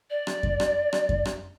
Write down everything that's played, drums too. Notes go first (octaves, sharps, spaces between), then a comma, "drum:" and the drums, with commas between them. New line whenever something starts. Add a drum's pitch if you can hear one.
D5
drum: rim click
drum: kick F#2
drum: rim click
drum: rim click
drum: kick F#2
drum: rim click